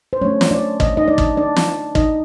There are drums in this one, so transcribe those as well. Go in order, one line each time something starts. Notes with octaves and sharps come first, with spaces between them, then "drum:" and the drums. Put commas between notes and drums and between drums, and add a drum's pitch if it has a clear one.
C5
F#3 A3 C#4 D4 C#5
drum: snare
D4 D5
D#5, drum: kick
D#4 D#5
D4 D5
drum: kick
D4 D5
drum: snare
D#4 D#5, drum: kick